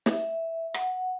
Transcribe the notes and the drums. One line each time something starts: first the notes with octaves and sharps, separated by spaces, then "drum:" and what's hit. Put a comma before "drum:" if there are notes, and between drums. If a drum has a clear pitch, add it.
E5, drum: snare
F#5, drum: rim click